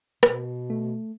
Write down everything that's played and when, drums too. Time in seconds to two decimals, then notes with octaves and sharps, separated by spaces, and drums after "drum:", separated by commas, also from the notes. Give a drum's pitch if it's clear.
0.23 B2, drum: rim click
0.70 A3